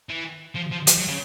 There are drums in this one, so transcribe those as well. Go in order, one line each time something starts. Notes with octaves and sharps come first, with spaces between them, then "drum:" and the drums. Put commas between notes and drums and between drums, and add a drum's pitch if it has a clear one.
E3
F3
F3
F3, drum: hi-hat
F#3
C#3